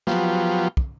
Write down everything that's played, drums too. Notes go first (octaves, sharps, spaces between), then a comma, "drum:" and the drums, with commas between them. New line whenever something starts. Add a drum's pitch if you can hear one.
F3 F#3 B3 F4 G4, drum: snare
drum: kick